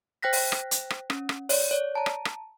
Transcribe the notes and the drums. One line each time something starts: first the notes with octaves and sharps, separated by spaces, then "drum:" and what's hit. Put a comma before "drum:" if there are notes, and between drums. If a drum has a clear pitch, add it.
C5 G5 F#6 A#6 B6
drum: open hi-hat
drum: rim click
drum: hi-hat
drum: rim click
C#4, drum: rim click
drum: rim click
C#5 D5, drum: open hi-hat
C#5 D5
A5 A#5
drum: rim click
drum: rim click